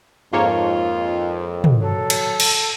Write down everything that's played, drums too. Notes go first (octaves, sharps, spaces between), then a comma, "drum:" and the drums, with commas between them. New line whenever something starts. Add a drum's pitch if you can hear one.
F2 G#2 A#3 F4 C#5
drum: tom
F#3 A4
drum: cymbal
drum: cymbal